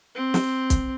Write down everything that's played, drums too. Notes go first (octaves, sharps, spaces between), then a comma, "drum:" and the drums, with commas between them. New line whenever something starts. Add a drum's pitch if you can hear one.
C4
drum: snare
drum: kick B1, hi-hat